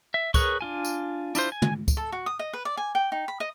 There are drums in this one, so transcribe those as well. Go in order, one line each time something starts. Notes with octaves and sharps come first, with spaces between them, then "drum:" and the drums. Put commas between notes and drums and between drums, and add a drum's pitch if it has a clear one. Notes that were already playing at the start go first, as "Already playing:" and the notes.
E5
G#4 A#4 B4 C#5 C#6, drum: kick, tambourine
D4 F4 G#5
drum: tambourine
D4 E4 F4 C5, drum: tambourine
G#5
drum: tom
drum: kick, tambourine
A4
F#4
D#6
D#5
B4
D5
G#5
G5
D#4
B5
D#5